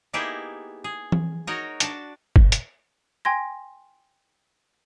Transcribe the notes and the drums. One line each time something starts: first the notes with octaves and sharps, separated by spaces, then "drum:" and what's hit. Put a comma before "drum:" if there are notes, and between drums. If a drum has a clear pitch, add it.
A#3 B3 D#4 E4 G4 G#4
G#4
drum: tom E3
D#4 F#4 A#4 C#5 D#5
D4 F#4 A5, drum: hi-hat
drum: kick G1
drum: hi-hat
G5 G#5 C6 G#6 A#6